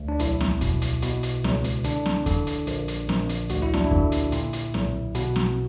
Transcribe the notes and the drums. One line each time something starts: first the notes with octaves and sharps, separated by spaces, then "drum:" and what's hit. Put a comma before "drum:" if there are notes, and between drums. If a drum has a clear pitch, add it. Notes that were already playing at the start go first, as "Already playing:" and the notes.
Already playing: D2
D4
B1 E4, drum: hi-hat
drum: snare C4
B2, drum: kick E2, hi-hat
drum: hi-hat
B2, drum: hi-hat
drum: hi-hat
C#2, drum: snare C4
drum: hi-hat
D3 D4, drum: hi-hat
drum: snare C4
D3, drum: kick E2, hi-hat
drum: hi-hat
A#1, drum: hi-hat
drum: hi-hat
A#1, drum: snare C4
drum: hi-hat
D2 F#4, drum: hi-hat
E4
D4, drum: snare C4
E4
D3, drum: kick E2
drum: hi-hat
A#2, drum: hi-hat
drum: hi-hat
B1, drum: snare C4
B2 F#4, drum: hi-hat
drum: snare C4